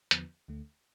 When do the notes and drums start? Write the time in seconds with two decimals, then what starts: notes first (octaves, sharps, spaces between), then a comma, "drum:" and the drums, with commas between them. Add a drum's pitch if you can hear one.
0.11 E2 D3 F3 B3, drum: hi-hat
0.48 D2 D3 A3